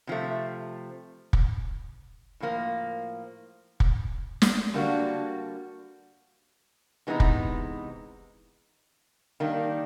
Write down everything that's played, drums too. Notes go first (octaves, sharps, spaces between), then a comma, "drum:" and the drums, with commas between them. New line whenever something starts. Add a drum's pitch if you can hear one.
C3 F3 A3
drum: kick
A2 F3 A#3
drum: kick
drum: snare
D3 G3 A#3 D4 F#4
C3 E3 G#3 B3 D#4
drum: kick
D#3 G3 A#3 D4